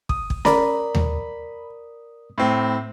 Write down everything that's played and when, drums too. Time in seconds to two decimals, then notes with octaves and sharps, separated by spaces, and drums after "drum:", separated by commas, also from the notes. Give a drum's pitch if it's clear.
0.09 D#6, drum: kick
0.30 drum: kick
0.45 A#4 D5 A#5 B5, drum: snare C#4
0.95 drum: tom D#2
2.38 A2 C4